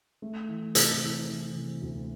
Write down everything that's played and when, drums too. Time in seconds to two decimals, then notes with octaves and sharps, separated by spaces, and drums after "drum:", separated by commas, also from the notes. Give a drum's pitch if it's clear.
0.22 A3
0.48 E3
0.75 C3, drum: hi-hat
1.02 E3
1.28 E3
1.55 C3
1.82 D2